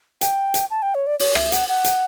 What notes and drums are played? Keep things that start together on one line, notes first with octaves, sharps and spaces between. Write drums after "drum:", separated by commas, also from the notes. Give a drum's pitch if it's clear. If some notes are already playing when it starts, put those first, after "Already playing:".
G5, drum: hi-hat
drum: hi-hat
A5
G5
C#5
D5
C#5, drum: open hi-hat
E5, drum: rim click
F#5, drum: hi-hat
F#5
drum: hi-hat